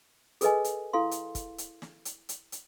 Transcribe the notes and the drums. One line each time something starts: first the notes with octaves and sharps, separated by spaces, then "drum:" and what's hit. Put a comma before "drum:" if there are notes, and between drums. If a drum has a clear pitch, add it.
G#4 A4 B4 D#5 G#5, drum: hi-hat
drum: hi-hat
E4 A4 F5 C6
drum: hi-hat
drum: kick, hi-hat
drum: hi-hat
drum: snare
drum: hi-hat
drum: hi-hat
drum: hi-hat